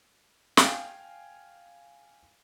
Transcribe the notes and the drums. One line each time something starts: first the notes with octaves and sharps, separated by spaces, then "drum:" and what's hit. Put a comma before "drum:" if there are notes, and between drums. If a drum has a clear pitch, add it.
F5 G5 G#5, drum: snare